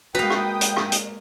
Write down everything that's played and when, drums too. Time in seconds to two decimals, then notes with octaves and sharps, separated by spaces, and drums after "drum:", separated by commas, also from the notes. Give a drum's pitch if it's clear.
0.15 G#3 A#3 F#4 B4 F5 G5 A#5 D#6
0.30 drum: rim click
0.61 drum: hi-hat
0.76 drum: rim click
0.92 drum: hi-hat